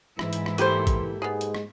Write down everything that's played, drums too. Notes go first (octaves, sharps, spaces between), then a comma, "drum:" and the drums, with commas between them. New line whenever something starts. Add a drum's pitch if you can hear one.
G#2 E3 E4, drum: rim click
drum: hi-hat
drum: rim click
A#3 G4 A4 B4 C5, drum: hi-hat
drum: kick, hi-hat
G#2 G#3 B3 G#4
drum: hi-hat
drum: rim click